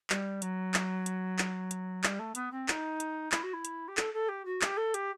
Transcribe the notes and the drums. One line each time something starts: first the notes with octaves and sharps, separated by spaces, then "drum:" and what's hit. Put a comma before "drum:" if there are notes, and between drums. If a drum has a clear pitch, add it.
G3, drum: clap
F#3, drum: hi-hat
drum: clap
drum: hi-hat
drum: clap
drum: hi-hat
G3, drum: clap
A3
B3, drum: hi-hat
C4
D#4, drum: clap
drum: hi-hat
E4, drum: clap
F#4
E4
drum: hi-hat
G4
A4, drum: clap
A4
G4
F#4
G4, drum: clap
A4
G4, drum: hi-hat